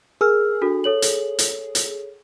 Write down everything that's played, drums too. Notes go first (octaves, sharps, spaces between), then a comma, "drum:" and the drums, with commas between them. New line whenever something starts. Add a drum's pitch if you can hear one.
G#4 A#4 E6 F6
D4 F#4 A4
A4 C#5 F#7
drum: hi-hat
drum: hi-hat
drum: hi-hat